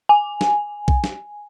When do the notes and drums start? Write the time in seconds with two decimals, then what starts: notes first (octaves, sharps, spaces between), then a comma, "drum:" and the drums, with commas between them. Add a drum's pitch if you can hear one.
0.09 G#5
0.41 drum: snare
0.88 drum: kick
1.04 drum: snare